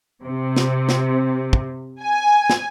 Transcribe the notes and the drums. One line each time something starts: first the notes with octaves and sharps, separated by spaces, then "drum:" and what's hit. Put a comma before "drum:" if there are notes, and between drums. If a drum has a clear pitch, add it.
C3
drum: snare
drum: snare
drum: kick
G#5
drum: snare